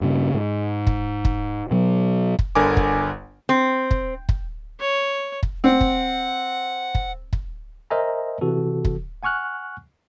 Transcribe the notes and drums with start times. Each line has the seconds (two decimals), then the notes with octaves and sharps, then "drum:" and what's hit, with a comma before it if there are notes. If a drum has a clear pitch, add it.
0.01 G2 C#3
0.34 G#2
0.87 drum: kick
1.25 drum: kick
1.71 B2 F#3
2.39 drum: kick
2.55 G1 D3 A#4 G#5 D6
2.77 drum: kick
3.49 C4
3.91 drum: kick
4.29 drum: kick
4.80 C#5
5.43 drum: kick
5.64 C4 F#5
5.81 drum: kick
6.95 drum: kick
7.33 drum: kick
7.90 A#4 C5 D#5 E5 G#5 A#5
8.41 C3 E3 F#4 A4
8.85 drum: kick
9.23 F#5 G#5 C#6 F6 F#6